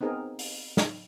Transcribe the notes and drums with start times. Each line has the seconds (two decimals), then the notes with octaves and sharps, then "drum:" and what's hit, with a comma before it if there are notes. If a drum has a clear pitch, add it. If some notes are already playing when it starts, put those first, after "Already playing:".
0.01 B3 C4 D#4 G#4 A#4
0.39 drum: open hi-hat
0.77 drum: snare